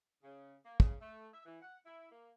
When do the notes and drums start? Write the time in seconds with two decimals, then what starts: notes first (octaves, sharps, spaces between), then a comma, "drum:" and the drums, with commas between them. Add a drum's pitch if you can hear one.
0.24 C#3
0.65 A#3
0.80 C#3, drum: kick
1.00 A3
1.32 E5
1.45 E3
1.61 F#5
1.85 E4
2.11 A#3